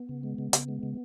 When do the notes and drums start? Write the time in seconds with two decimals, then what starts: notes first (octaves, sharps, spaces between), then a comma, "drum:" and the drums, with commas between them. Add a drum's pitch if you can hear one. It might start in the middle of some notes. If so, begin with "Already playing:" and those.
Already playing: B3
0.09 C#3
0.23 G#3
0.38 C#3
0.53 C#3, drum: hi-hat
0.68 G#3
0.83 C#3